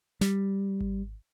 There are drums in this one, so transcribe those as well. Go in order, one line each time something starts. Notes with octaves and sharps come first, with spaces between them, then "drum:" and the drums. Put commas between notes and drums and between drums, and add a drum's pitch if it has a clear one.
G3, drum: snare
drum: kick G#1